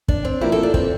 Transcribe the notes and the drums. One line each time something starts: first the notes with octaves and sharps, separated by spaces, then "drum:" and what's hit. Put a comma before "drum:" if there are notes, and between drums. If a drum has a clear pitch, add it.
D4, drum: kick
C4
F3 A#3 E4 G4
A4
D4
C4, drum: kick